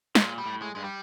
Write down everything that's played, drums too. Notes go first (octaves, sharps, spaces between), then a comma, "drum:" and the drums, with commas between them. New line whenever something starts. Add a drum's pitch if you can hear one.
A#2 G#3, drum: snare
G3
A2
G#3
G2 G#3
G3